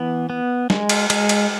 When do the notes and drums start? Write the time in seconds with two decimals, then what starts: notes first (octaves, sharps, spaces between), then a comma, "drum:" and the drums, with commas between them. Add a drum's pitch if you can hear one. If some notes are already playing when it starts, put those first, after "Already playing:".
Already playing: E3 B3
0.30 B3
0.70 G#3, drum: snare
0.89 drum: cymbal
1.10 G#3, drum: cymbal
1.29 drum: cymbal